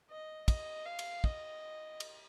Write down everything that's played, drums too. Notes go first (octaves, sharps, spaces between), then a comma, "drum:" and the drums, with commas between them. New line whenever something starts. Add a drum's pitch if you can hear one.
D#5
D#5, drum: kick, cymbal
F5
drum: cymbal
D#5, drum: kick
drum: cymbal